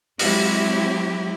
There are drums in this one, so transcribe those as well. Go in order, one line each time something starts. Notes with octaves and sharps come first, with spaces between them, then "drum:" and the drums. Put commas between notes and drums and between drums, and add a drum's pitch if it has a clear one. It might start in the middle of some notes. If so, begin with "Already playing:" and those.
F#3 G#3 C4 E4 G4, drum: open hi-hat